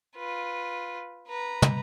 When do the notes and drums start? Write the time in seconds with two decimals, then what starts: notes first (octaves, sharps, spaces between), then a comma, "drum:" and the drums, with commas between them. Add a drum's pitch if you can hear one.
0.16 F4 B4
1.28 B4 A#5
1.62 drum: tom